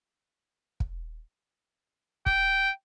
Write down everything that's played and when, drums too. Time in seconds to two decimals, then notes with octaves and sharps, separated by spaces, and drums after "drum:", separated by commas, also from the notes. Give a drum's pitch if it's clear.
0.80 drum: kick
2.26 G5, drum: kick